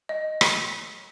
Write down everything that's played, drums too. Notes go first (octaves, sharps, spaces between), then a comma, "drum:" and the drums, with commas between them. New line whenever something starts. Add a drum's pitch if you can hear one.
D#5
drum: rim click